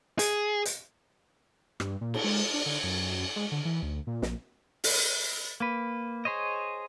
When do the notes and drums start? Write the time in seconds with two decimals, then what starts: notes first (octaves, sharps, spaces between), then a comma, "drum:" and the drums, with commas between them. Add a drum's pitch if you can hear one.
0.19 G#4, drum: hi-hat
0.65 drum: hi-hat
1.80 G2, drum: rim click
2.01 A#2
2.14 drum: cymbal
2.24 G#3
2.54 D4
2.66 D3
2.83 F#2
3.36 G#3
3.52 D3
3.65 E3
3.83 D2
4.07 A#2
4.22 A#1, drum: snare
4.84 drum: open hi-hat
5.60 A#3 B4
6.25 G#4 C5 C#5 D#5